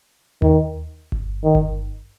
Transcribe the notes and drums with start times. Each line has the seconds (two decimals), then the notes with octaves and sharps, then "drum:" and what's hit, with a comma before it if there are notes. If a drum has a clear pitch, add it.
0.42 D#3, drum: tom D#2
1.12 drum: kick G1
1.44 D#3
1.55 drum: kick G1